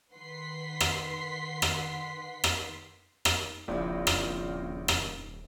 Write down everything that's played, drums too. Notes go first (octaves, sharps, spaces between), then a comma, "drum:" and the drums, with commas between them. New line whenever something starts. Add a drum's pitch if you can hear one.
D#3 B4 F#5 C6 B6 C7
drum: rim click
drum: rim click
drum: rim click
drum: rim click
D#1 A#1 C#3 A#3 C4 E4 F4 D5
drum: rim click
drum: rim click